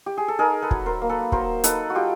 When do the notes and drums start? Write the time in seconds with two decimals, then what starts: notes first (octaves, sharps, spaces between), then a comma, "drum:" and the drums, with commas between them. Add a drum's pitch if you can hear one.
0.06 G4
0.17 G#4
0.28 A4
0.39 D#4 G#4 A#4
0.62 A4 B4
0.71 F#3, drum: kick
0.86 A#4 C5
1.02 A#3
1.09 A4 B4
1.32 F#3 A#4 C5, drum: kick
1.64 D#4 A4 B4, drum: hi-hat
1.90 F#4
1.95 F#3 F4 G4